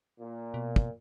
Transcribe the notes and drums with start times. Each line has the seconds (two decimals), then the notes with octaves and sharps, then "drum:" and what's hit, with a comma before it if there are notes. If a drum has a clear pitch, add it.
0.19 A#2
0.54 B2
0.76 drum: kick